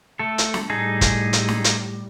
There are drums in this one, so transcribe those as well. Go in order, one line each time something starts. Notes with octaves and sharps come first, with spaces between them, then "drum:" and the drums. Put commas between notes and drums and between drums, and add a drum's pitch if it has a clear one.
A3 A4
drum: hi-hat
drum: snare
A2 G3 D#4 G#4 A4
drum: kick, hi-hat
drum: hi-hat
drum: snare
drum: hi-hat